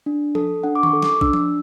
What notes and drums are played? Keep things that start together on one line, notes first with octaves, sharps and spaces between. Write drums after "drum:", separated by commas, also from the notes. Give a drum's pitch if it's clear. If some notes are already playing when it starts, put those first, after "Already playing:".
D4
A4, drum: tom F3
D4 F#5
D6
C#6, drum: tom D#3
A4
D6, drum: snare
D4 E6, drum: kick A#1
drum: tom F3